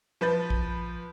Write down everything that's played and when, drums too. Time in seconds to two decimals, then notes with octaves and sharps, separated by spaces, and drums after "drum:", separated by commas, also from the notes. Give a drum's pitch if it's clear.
0.21 F3 B4 G6 A6
0.50 drum: kick A#1